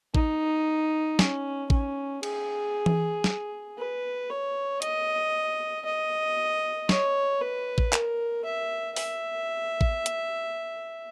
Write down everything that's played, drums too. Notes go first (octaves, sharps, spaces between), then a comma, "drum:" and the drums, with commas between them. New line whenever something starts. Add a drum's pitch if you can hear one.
D#4, drum: kick A1
C#4, drum: snare
C#4, drum: kick A1
G#4, drum: cymbal
drum: tom E3
drum: snare
B4
C#5
D#5, drum: hi-hat
D#5
C#5, drum: snare
B4
drum: kick A1
A#4, drum: clap
E5
E5, drum: open hi-hat
drum: kick A1
drum: hi-hat